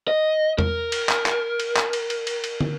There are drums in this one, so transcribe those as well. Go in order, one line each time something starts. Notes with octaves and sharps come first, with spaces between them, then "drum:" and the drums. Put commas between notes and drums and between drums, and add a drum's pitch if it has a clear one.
D#5
A#4, drum: tom E2
drum: cymbal
drum: clap
drum: clap
drum: cymbal
drum: clap
drum: cymbal
drum: cymbal
drum: cymbal
drum: cymbal
drum: tom